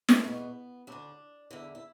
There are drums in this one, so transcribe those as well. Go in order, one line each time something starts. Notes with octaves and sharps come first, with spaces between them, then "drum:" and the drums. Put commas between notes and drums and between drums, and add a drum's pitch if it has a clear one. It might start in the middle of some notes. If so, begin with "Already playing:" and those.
A3, drum: snare
E2 B2 B3
D2 D3 D4
E2 D3 E4
E4